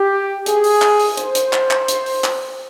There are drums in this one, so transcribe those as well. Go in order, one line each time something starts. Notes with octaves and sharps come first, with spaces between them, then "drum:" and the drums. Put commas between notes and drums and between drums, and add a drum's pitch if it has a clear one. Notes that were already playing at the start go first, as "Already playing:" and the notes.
Already playing: G4
G#4, drum: hi-hat
drum: open hi-hat
drum: clap
drum: open hi-hat
C5, drum: hi-hat
drum: hi-hat
drum: clap
drum: clap
drum: hi-hat
drum: open hi-hat
drum: clap